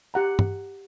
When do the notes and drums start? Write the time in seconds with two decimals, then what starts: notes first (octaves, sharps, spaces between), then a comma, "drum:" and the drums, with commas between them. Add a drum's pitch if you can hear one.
0.14 G4 F#5 A#5
0.39 drum: tom